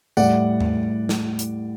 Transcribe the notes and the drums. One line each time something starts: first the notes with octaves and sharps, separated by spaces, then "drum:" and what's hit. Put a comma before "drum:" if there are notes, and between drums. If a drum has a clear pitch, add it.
A2 G3 D5 F#5, drum: tambourine
drum: tom E2
drum: snare
drum: hi-hat